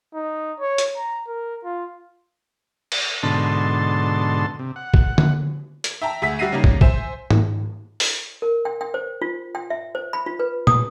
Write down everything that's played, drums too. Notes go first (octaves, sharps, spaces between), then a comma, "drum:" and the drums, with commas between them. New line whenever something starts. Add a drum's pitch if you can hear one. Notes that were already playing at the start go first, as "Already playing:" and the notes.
D#4
C#5
drum: hi-hat
A#5
A#4
F4
drum: cymbal
G#2 B2 D3 A5 C6
C3
F#5
drum: kick
drum: tom D3
drum: hi-hat
E5 G5 A5 A#5
D2 G#4 E5 B6
G3 F#4 E5 A#6 C7 D#7
C#3 G3 A#3 D#4
drum: kick
C5 E5 G#5 E7, drum: kick
drum: tom G#2
drum: open hi-hat
A#4
G5
G5
C5
F4
G5
E5
C5
B5
F4
B4
D#6, drum: tom